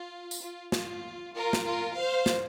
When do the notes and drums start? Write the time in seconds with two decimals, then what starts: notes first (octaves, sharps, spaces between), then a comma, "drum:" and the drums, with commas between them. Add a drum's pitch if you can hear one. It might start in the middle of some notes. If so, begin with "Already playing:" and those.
Already playing: F4
0.31 drum: tambourine
0.41 F4
0.72 F4, drum: snare
1.35 F4 A#4
1.53 drum: snare
1.66 F4 A#4
1.98 C5 F5
2.26 drum: snare